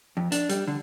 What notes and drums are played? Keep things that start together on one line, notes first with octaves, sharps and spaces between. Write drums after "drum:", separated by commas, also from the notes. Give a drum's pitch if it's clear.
F2
D4, drum: hi-hat
G3, drum: hi-hat
D3